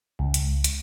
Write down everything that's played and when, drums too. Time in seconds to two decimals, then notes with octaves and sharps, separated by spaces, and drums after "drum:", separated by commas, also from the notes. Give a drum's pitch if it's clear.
0.19 C#2
0.34 drum: hi-hat
0.64 drum: hi-hat